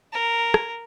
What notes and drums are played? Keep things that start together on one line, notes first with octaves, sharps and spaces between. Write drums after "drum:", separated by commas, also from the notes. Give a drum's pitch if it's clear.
A#4
drum: rim click